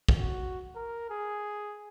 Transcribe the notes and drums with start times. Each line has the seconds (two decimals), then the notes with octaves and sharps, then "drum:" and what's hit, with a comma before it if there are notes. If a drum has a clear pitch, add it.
0.09 drum: kick
0.18 F#4
0.76 A#4
1.10 G#4